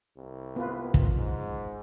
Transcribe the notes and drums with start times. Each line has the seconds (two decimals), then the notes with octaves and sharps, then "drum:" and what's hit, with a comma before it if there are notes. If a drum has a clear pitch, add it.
0.17 C2
0.56 B3 F4 B4
0.94 drum: kick
1.15 G#2